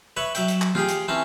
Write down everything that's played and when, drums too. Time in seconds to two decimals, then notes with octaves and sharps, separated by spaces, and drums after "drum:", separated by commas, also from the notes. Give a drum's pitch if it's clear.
0.17 B4 C#5 E5 B5
0.35 F#3 E5 G5, drum: hi-hat
0.48 drum: hi-hat
0.62 drum: clap
0.75 F4 G4 G#4 G5, drum: tom E3
0.88 drum: hi-hat
1.08 E3 C4 C#4 A5